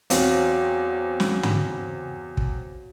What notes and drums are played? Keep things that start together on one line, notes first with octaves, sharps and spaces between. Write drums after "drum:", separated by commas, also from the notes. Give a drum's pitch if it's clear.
E2 C4 F#4 C#5 F5, drum: hi-hat
drum: snare
drum: tom
drum: kick